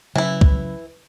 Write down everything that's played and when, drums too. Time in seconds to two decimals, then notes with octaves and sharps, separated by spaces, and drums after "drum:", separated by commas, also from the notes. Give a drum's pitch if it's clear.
0.15 C#3 E3 F#3 E4
0.41 drum: kick